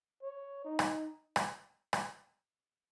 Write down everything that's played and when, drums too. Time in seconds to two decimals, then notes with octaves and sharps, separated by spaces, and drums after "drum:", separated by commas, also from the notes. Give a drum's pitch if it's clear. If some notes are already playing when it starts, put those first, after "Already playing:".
0.22 C#5
0.65 D#4
0.79 drum: rim click
1.36 drum: rim click
1.93 drum: rim click